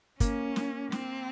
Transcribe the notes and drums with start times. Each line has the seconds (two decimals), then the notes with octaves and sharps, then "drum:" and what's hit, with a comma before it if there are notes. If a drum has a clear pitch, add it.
0.20 A#3 C#4, drum: kick, hi-hat
0.56 drum: snare
0.92 C4, drum: snare